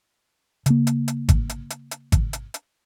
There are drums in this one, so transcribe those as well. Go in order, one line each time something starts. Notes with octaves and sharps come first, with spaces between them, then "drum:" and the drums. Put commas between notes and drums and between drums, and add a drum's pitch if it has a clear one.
C#3 A#3, drum: hi-hat
drum: hi-hat
drum: hi-hat
drum: kick G#1, hi-hat
drum: hi-hat
drum: hi-hat
drum: hi-hat
drum: kick G#1, hi-hat
drum: hi-hat
drum: hi-hat